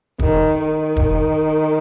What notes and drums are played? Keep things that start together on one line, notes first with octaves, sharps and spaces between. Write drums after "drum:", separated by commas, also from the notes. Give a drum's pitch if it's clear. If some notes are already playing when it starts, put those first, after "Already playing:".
D#3, drum: kick
D#3
drum: kick